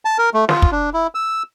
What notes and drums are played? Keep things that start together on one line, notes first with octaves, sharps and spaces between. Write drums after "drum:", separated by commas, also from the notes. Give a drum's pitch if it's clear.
A5
A#4
A3
F4, drum: snare
drum: kick
D4
E4
E6